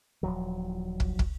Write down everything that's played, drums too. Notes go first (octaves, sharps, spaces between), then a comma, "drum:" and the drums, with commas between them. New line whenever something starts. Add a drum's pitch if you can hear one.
D#1 F#2 F3 F#3
drum: kick
drum: kick